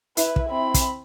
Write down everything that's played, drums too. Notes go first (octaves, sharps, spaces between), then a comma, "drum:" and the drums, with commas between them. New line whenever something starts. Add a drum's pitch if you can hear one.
E4 B4, drum: hi-hat
drum: kick
C4 B5
drum: kick, hi-hat